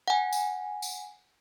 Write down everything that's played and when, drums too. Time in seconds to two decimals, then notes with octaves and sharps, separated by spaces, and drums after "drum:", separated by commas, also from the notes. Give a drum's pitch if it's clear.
0.08 F#5 G#5
0.32 drum: tambourine
0.82 drum: tambourine